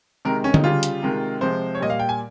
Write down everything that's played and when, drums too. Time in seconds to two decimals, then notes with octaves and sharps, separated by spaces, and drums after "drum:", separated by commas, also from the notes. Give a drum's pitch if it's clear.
0.25 C3 D#3 G#3 A#4
0.44 C#4
0.54 D#4, drum: tom D3
0.64 C#3 G3 F4
0.83 drum: hi-hat
1.03 C3 D#3 G#3
1.41 C3 F3 G#3 C5
1.75 C#5
1.80 A#2 G3 D#5
1.90 F5
2.00 G5
2.09 G#5